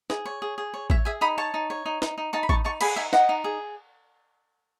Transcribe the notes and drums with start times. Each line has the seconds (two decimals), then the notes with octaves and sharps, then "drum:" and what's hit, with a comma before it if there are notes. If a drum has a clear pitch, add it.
0.10 G#4, drum: snare
0.26 C#5
0.42 G#4
0.58 G#4
0.74 C#5
0.90 C#5 E5, drum: kick A1
1.05 G#4 E5 G#5
1.21 D#4 B5 D#6
1.38 C#5 A5 C#6
1.54 D#4
1.70 C#5
1.86 D#4
2.02 D#4, drum: snare
2.18 D#4
2.33 D#4 A5 C#6
2.43 B5
2.49 D#4 A5 C#6, drum: kick A1
2.64 D#4 A5 C#6
2.81 G#4 G#5 B5, drum: cymbal
2.96 D#4 E5 G#5
3.13 D#4 D#5 F#5, drum: snare
3.29 D#4
3.44 G#4